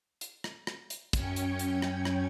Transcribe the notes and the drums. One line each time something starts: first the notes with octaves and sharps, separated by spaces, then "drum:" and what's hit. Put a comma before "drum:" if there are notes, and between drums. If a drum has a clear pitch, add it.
drum: hi-hat
drum: rim click
drum: rim click
drum: hi-hat
F#2 C#4 G5 G#6 C#7, drum: kick, hi-hat
drum: hi-hat
drum: hi-hat
drum: rim click
drum: rim click